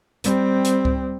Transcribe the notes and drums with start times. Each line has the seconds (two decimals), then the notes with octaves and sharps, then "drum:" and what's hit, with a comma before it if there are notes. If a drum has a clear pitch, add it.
0.24 G3 C4, drum: hi-hat
0.65 drum: hi-hat
0.85 drum: kick C#2